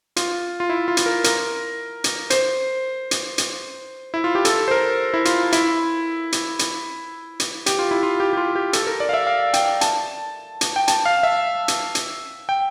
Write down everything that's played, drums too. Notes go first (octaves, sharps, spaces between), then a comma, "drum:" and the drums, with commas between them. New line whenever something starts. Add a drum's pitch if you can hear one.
F4, drum: hi-hat
F4
E4
F4
drum: hi-hat
A#4
A#4, drum: hi-hat
drum: hi-hat
C5, drum: hi-hat
drum: hi-hat
drum: hi-hat
E4
F4
G4
A4, drum: hi-hat
C5
A#4
E4
F4, drum: hi-hat
E4, drum: hi-hat
drum: hi-hat
drum: hi-hat
drum: hi-hat
G4, drum: hi-hat
F4
E4
F4
G4
G4
F4
G4
A4, drum: hi-hat
A#4
D5
F5
E5
F5
G5, drum: hi-hat
A5, drum: hi-hat
drum: hi-hat
G5
A5, drum: hi-hat
F5
E5
drum: hi-hat
drum: hi-hat
G5